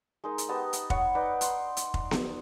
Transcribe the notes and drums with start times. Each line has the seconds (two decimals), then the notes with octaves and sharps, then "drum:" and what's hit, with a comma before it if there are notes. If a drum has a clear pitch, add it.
0.24 G#3 D#4 A#4
0.38 drum: hi-hat
0.49 B3 G4 D#5 A5
0.73 drum: hi-hat
0.90 C#5 F#5 B5 C#6, drum: kick F1
1.15 D#4 B4 D5 D#5
1.41 C6, drum: hi-hat
1.77 drum: hi-hat
1.94 drum: kick F1
2.11 drum: snare B3